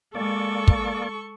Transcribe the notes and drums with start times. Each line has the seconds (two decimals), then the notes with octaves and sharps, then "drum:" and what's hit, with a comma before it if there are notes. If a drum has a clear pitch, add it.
0.15 G#3 A#3 A4 D5 C#6
0.68 drum: kick